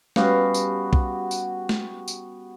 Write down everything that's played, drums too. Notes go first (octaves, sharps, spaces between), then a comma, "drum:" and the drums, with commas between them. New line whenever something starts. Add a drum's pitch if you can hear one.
G3 B3 C#4 F#4 G4 F5, drum: snare G#3
drum: tambourine
drum: kick
drum: tambourine
drum: snare G#3
drum: tambourine